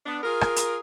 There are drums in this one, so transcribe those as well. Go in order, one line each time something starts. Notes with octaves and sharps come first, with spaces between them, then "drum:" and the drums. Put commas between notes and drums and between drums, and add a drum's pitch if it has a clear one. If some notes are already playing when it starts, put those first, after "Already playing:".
B3 D4
F4 G#4 A#4
drum: rim click
drum: hi-hat